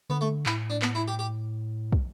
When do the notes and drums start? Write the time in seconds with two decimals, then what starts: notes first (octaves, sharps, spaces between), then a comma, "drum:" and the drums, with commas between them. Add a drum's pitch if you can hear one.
0.09 D3 B3
0.21 A3
0.46 A2 E4, drum: clap
0.70 D4
0.82 B3, drum: clap
0.95 E4
1.08 G4
1.19 G4
1.92 drum: kick